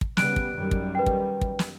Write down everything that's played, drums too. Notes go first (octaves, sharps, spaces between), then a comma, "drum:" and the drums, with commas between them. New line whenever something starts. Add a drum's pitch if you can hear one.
drum: kick
C#3 G3 B3 F#6 D7, drum: snare
drum: kick
F#2 D#3 G3
drum: kick
B4 G5
drum: kick
drum: kick
drum: snare